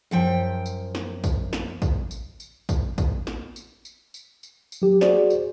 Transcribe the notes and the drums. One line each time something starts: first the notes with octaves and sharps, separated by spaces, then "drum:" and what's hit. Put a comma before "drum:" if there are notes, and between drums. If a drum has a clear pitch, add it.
F#2 F3 G5
drum: tambourine
drum: snare
drum: kick, tambourine
drum: snare
drum: kick, tambourine
drum: tambourine
drum: tambourine
drum: kick, tambourine
drum: kick, tambourine
drum: snare
drum: tambourine
drum: tambourine
drum: tambourine
drum: tambourine
drum: tambourine
F#3 G4
F#4 G#4 C5 D5, drum: snare
drum: tambourine